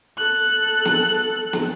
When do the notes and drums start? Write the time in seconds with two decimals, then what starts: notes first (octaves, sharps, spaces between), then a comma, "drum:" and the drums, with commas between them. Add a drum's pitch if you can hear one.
0.18 A4 F#6
0.85 drum: snare
1.53 drum: snare